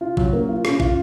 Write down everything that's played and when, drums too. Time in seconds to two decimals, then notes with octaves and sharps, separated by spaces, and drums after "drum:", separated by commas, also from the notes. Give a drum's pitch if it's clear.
0.01 F4
0.17 F#3, drum: kick
0.33 A#3
0.49 F4
0.65 C#4, drum: rim click
0.80 F4, drum: kick